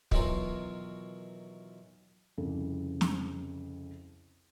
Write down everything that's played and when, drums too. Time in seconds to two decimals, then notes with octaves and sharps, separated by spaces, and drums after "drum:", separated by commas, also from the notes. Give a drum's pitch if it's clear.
0.11 B2 D#3 E3 F#3 F4 A#4, drum: kick
2.38 C2 F2 C#3
3.01 drum: snare